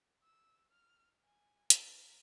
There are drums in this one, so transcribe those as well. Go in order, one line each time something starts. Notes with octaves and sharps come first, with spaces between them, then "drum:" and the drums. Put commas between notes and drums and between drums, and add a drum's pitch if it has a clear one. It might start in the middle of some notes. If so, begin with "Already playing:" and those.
E6
F6
G#5
A#4, drum: hi-hat